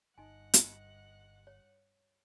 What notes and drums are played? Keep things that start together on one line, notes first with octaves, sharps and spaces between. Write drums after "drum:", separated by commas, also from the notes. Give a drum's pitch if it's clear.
G1 G2 D#4 D#5 F#5 G#5 F#6
drum: hi-hat
C#5